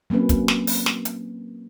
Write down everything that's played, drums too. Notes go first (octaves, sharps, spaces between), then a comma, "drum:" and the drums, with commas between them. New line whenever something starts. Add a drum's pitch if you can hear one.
F#3 A#3 C4 C#4 B4
drum: kick, hi-hat
drum: snare
drum: open hi-hat
drum: snare
drum: hi-hat